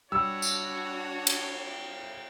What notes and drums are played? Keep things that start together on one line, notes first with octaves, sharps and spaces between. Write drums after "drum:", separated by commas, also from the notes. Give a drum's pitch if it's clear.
G3 D4 F#4 C#5 E6
drum: tambourine
drum: cymbal